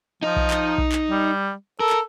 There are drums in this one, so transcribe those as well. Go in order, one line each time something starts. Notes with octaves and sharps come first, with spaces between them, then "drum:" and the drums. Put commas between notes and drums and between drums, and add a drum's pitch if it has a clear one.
F3 D#4 D#5
drum: kick B1
drum: clap
drum: kick B1
drum: clap
G3
A4 A#4
drum: clap